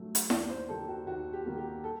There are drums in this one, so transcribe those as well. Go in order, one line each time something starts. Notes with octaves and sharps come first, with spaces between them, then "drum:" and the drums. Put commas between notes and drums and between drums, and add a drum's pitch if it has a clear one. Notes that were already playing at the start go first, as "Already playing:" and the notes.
Already playing: G2 F#3 A3
drum: hi-hat
D#2 D5, drum: snare E4
C5
D#3 G3 A#3 A4
F#4
D#2 F#4
G4
D#3 G3 A#3
G4
A4